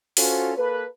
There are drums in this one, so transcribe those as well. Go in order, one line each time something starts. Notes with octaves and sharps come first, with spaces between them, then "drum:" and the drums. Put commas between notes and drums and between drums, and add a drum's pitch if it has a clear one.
C#4 F4 F#4 A4 C5, drum: open hi-hat
A#3 A4 B4